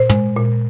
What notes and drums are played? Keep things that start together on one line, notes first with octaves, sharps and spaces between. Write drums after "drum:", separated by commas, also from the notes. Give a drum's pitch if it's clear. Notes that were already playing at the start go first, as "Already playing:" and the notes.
Already playing: A#2 C5
G#3, drum: tom
A#2